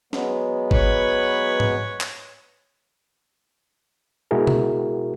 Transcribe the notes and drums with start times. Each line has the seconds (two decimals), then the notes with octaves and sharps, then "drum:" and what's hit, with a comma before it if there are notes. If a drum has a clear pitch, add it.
0.13 F#3 G#3 B3, drum: snare
0.71 B4 C#5, drum: kick G1
1.60 drum: tom G#2
2.01 drum: clap
4.31 B2 G#3 E4 F#4 G#4 A#4
4.47 drum: tom B2